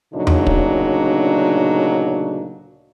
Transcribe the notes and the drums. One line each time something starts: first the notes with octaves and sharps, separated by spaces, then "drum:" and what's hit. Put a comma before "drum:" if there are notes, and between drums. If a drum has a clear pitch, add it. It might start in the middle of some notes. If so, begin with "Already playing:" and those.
D2 A#2 C#3 F#3 D4 D#4
drum: tom E2
drum: kick